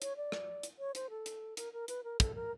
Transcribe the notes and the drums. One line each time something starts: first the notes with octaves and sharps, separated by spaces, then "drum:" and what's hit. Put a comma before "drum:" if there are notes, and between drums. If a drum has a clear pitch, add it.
C#5, drum: hi-hat
D5
drum: rim click
drum: hi-hat
C#5
C5, drum: hi-hat
A4
drum: hi-hat
A#4, drum: hi-hat
A#4
B4, drum: hi-hat
A#4
A4, drum: kick, hi-hat
A#4